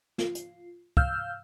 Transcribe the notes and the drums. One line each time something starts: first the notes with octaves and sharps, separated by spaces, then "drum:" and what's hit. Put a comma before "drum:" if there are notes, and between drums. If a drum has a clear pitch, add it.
F4, drum: snare
drum: hi-hat
F5 E6 F6 G6, drum: kick